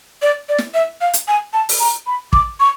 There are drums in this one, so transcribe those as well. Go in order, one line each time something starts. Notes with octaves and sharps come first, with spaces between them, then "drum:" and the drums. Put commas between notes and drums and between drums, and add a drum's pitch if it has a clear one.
D5
D5
drum: snare
E5
F5
drum: hi-hat
G#5
A5
drum: open hi-hat
A#5
B5
D6, drum: kick
C#6